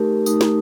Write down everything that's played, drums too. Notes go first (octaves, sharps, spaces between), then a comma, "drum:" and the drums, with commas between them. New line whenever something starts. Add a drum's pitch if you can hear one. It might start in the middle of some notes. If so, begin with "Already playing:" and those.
Already playing: A3 D#4 G4 A#4
A3 D#4, drum: tambourine
drum: snare